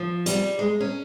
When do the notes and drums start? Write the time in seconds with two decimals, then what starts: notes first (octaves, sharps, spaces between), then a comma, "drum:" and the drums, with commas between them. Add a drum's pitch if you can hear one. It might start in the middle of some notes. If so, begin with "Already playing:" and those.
Already playing: F3
0.26 G3, drum: hi-hat
0.59 G#3
0.80 C#4